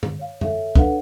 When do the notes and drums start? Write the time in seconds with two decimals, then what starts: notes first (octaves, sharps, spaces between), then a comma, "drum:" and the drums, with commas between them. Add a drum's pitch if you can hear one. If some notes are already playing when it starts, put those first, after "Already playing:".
0.03 drum: tom G2
0.19 C#5 F5
0.41 A4 C#5 E5, drum: tom F#2
0.76 D4 A4 B4 C#5 F5 F#5, drum: kick